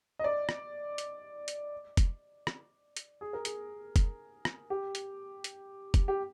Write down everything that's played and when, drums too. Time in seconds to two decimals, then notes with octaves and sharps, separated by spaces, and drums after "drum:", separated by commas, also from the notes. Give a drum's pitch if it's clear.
0.19 D#5
0.24 D5
0.49 drum: rim click
0.98 drum: hi-hat
1.48 drum: hi-hat
1.97 drum: kick F1, hi-hat
2.47 drum: rim click
2.97 drum: hi-hat
3.21 G#4
3.33 A#4
3.45 G#4, drum: hi-hat
3.96 drum: kick F1, hi-hat
4.45 drum: rim click
4.70 G4
4.95 drum: hi-hat
5.44 drum: hi-hat
5.94 drum: kick F1, hi-hat
6.08 G4